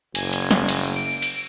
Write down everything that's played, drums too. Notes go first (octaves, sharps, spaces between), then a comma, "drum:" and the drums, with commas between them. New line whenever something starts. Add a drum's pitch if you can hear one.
F#1 G#5, drum: cymbal
drum: cymbal
drum: snare
drum: cymbal
D7
drum: cymbal